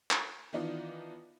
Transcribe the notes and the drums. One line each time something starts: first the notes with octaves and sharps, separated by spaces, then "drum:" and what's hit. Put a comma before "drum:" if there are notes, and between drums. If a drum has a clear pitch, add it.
drum: clap
D#3 E3 B3 D4 D#4 F4